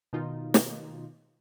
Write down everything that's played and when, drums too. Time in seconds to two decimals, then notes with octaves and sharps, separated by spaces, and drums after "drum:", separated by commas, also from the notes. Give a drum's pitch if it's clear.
0.13 B2 D#3 D#4 F4
0.54 drum: snare